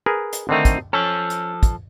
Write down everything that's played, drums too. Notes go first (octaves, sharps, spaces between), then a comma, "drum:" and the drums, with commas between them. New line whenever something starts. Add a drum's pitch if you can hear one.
G#4 A#4 B4
drum: hi-hat
D3 D#3 A3 C4 D#4
drum: kick, hi-hat
F3 C#4 A4
drum: hi-hat
drum: kick, hi-hat